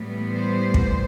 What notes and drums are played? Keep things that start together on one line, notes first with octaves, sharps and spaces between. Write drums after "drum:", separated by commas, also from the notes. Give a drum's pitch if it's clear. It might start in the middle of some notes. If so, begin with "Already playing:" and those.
Already playing: A2 E3 G3 B3
C5
drum: kick